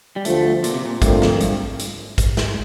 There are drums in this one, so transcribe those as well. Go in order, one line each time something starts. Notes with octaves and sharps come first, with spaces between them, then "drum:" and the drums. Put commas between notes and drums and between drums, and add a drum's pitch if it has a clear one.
G3
D2 D3 F3 A3, drum: hi-hat
A#2, drum: hi-hat
C3
A#2
G2 D3 A3 C4 F4 A#4, drum: kick G#1, hi-hat
F2, drum: snare
G2, drum: hi-hat
drum: hi-hat
drum: kick G#1, hi-hat
drum: snare